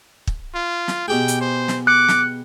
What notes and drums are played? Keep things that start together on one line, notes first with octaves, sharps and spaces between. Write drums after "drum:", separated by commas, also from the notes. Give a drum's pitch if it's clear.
drum: kick
F4
drum: snare
B2 G4 G#4 G5
drum: hi-hat
C5
drum: snare
D6 F#6 C#7
drum: snare